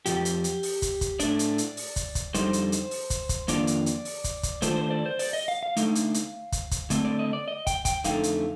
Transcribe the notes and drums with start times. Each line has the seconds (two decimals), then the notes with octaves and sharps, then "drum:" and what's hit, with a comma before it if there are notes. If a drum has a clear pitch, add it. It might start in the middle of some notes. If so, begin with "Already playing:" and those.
0.06 F2 C3 F3 G4, drum: hi-hat
0.25 drum: hi-hat
0.44 drum: hi-hat
0.63 drum: open hi-hat
0.82 drum: kick, hi-hat
1.01 drum: kick, hi-hat
1.20 A2 A3 D4 D5, drum: hi-hat
1.39 drum: hi-hat
1.58 drum: hi-hat
1.77 drum: open hi-hat
1.96 drum: kick, hi-hat
2.15 drum: kick, hi-hat
2.34 F2 D3 G3 D#4 C5, drum: hi-hat
2.53 drum: hi-hat
2.72 drum: hi-hat
2.91 drum: open hi-hat
3.10 drum: kick, hi-hat
3.29 drum: kick, hi-hat
3.48 F2 D#3 A#3 D4 F4 D5, drum: hi-hat
3.67 drum: hi-hat
3.86 drum: hi-hat
4.05 drum: open hi-hat
4.24 drum: kick, hi-hat
4.43 drum: kick, hi-hat
4.62 D#3 A3 D4 F4 C5, drum: hi-hat
4.76 C5
4.91 D5
5.06 C5
5.19 D5, drum: open hi-hat
5.33 D#5
5.48 F5
5.63 F5
5.77 D3 A3 D#4, drum: hi-hat
5.95 drum: hi-hat
6.14 drum: hi-hat
6.52 drum: kick, hi-hat
6.71 drum: kick, hi-hat
6.90 D3 A3 C4, drum: hi-hat
7.05 D5
7.19 D#5
7.33 D5
7.48 D#5
7.67 G5, drum: kick, hi-hat
7.85 G5, drum: kick, hi-hat
8.04 F2 D3 A3 D#4 F5, drum: hi-hat
8.23 drum: hi-hat